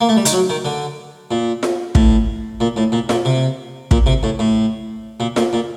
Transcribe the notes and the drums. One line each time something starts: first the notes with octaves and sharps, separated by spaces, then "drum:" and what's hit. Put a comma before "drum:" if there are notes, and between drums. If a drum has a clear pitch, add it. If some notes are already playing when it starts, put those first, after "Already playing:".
A#3
A3
G3
D#3, drum: hi-hat
F#3
D#3
D3
A#2
drum: snare F4
A2, drum: kick
A#2
A2
A#2
A#2, drum: snare F4
C3
A#2, drum: kick
C3
A2
A2
A#2
A#2, drum: snare F4
A#2